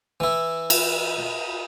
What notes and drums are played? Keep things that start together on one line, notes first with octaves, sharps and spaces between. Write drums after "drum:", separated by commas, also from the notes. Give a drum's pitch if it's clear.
E3 E4
drum: cymbal